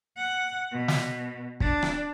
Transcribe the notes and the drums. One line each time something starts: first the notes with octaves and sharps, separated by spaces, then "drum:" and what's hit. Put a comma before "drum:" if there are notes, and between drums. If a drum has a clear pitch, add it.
F#5
B2
drum: snare
D4, drum: kick
drum: rim click